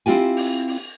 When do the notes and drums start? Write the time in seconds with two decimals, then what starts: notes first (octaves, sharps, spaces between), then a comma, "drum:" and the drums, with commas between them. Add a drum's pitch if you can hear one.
0.06 C4 E4 F4 G4 G#5, drum: hi-hat
0.37 drum: open hi-hat
0.67 drum: open hi-hat